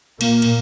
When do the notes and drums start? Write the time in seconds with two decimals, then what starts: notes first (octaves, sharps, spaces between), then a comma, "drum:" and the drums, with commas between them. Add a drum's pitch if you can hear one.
0.21 A#2 A#3, drum: cymbal
0.42 drum: cymbal